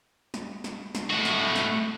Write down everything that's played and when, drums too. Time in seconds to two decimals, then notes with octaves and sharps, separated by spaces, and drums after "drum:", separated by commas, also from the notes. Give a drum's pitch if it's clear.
0.34 drum: snare
0.64 drum: snare
0.95 drum: snare
1.10 A2 F#4
1.25 drum: snare
1.55 drum: snare